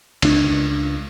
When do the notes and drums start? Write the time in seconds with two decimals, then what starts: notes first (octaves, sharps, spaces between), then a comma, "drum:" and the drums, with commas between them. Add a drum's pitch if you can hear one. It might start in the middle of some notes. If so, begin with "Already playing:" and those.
0.22 C#2 D4, drum: cymbal